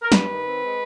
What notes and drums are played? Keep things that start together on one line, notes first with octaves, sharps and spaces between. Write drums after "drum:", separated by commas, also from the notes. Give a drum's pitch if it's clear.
A#4
G2 B4, drum: snare
D#3
C4
G#3